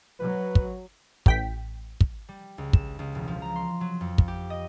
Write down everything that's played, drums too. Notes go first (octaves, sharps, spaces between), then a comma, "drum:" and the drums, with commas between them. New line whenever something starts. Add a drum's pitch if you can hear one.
F#3 B4
drum: kick
A1 G5 B6, drum: kick
drum: kick
G3
C#2
E7, drum: kick
C#2
E1
F3
A#5
C6
F#3
F2
drum: kick
G4
D#5